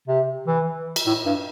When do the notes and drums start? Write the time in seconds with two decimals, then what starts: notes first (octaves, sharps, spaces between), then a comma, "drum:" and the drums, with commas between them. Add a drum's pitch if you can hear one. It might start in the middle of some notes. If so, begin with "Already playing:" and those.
0.07 C3
0.47 E3
0.96 drum: cymbal
1.07 A2
1.26 G2